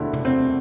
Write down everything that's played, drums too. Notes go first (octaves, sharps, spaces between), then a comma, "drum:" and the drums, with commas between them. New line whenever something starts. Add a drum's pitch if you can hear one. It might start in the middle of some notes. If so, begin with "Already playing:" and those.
Already playing: E1 D2 D3 E4
drum: tom C3
C4